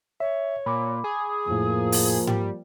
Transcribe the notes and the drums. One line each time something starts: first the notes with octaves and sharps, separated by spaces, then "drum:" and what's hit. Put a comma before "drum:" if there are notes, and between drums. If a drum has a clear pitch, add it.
C#5 E5
A#2 B5 D6
G#4 D#6
F2 A2 F3 A#3
drum: open hi-hat
G3, drum: tom G#2